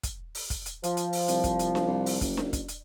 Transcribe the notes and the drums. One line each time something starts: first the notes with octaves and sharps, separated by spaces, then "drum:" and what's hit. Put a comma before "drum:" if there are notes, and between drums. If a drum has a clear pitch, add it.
drum: kick, hi-hat
drum: open hi-hat
drum: kick, hi-hat
drum: hi-hat
F3, drum: hi-hat
drum: hi-hat
drum: open hi-hat
C2, drum: hi-hat
drum: kick, hi-hat
drum: hi-hat
drum: snare D4
C2
drum: open hi-hat
F#1, drum: kick, hi-hat
drum: snare D4
drum: kick, hi-hat
drum: hi-hat